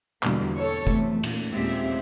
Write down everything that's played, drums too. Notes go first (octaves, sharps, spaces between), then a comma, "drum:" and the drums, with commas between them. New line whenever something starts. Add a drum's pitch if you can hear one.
E2 B2 D3 G3 A#3, drum: clap
A4 C#5
E2 C3 A3, drum: kick
A#2, drum: cymbal
D#2 A#2 G#3 C4 G4 E5